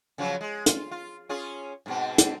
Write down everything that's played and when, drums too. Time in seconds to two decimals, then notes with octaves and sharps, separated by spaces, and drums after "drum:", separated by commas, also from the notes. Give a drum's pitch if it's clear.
0.18 C#3 F3 F#3
0.41 G#3
0.66 F4, drum: hi-hat
0.91 F4
1.29 C#4 F4 G#4
1.86 G#2 B2 C4
2.18 drum: hi-hat